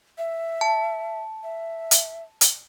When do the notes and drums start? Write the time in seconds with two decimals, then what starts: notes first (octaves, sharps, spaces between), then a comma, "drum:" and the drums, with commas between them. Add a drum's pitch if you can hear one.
0.18 E5
0.61 A5
1.43 E5
1.91 drum: hi-hat
2.41 drum: hi-hat